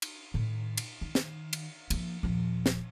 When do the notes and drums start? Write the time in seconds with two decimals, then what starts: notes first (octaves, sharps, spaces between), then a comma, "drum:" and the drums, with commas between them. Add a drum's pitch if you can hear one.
0.02 drum: cymbal
0.34 A2 D#3
0.78 drum: cymbal
1.01 D#3
1.15 drum: snare
1.53 drum: cymbal
1.90 F3 A#3, drum: cymbal
2.23 D#1 F3
2.66 drum: snare